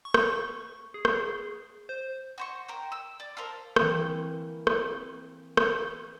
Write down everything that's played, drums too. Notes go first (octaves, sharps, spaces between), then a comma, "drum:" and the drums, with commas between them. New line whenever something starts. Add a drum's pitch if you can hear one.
C#6
drum: rim click
G#4
drum: rim click
C5
F#4 C5 C#6
A#4 C5 G5
E6
D5
F4 A4 A#4 C5
E3 A#3 C4, drum: rim click
drum: rim click
drum: rim click